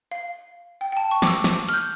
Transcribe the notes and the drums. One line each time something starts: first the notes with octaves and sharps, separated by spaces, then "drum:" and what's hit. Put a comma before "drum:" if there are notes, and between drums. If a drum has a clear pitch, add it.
F5
G5
G5
A5
C#6
D6, drum: snare
E6
drum: snare
F6, drum: hi-hat
G6